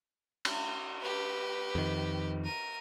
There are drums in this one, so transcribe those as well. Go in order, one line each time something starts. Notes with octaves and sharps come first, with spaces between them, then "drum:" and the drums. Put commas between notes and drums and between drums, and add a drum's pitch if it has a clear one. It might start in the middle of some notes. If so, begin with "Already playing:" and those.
drum: cymbal
G4 B4
F2 D#3
A#4 D#7